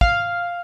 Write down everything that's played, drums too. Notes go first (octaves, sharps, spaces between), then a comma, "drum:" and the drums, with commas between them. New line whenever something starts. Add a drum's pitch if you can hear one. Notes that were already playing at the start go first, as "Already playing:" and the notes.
F5, drum: kick